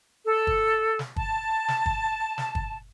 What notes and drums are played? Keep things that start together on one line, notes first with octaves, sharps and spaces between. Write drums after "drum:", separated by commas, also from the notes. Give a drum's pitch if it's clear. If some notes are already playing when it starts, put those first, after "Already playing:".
A4
drum: kick
drum: snare
A5, drum: kick
drum: snare
drum: kick
drum: snare
drum: kick